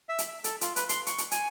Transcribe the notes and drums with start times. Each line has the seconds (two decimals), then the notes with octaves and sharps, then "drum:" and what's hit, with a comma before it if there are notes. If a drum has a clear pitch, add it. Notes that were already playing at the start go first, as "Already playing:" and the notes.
0.09 E5
0.18 drum: hi-hat
0.28 E5
0.44 A4, drum: hi-hat
0.61 F4, drum: hi-hat
0.76 B4, drum: hi-hat
0.89 C6, drum: hi-hat
1.07 C#6, drum: hi-hat
1.18 drum: hi-hat
1.31 G#5, drum: hi-hat